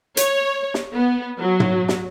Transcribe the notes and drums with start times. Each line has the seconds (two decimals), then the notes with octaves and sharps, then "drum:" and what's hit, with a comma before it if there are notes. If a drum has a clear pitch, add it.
0.17 C#5, drum: hi-hat
0.74 drum: snare
0.95 B3
1.40 F#3
1.60 drum: tom
1.88 drum: snare